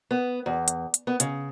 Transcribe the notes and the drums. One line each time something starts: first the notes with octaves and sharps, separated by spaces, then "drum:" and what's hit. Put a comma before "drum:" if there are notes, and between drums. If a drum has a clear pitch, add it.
B3
E2
drum: hi-hat
drum: hi-hat
B3
C#3, drum: hi-hat